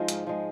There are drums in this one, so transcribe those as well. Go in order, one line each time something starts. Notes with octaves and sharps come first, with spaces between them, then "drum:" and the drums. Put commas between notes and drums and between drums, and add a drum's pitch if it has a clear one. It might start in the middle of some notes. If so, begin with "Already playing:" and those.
Already playing: F3 G#3 D#4 F4
G#2, drum: hi-hat
F3 G#3